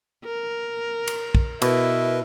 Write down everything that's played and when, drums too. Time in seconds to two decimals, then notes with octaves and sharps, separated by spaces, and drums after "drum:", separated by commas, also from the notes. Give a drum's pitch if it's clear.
0.25 A#4
1.07 drum: cymbal
1.35 drum: kick
1.62 B2 E4 A#4 B4 D#5, drum: cymbal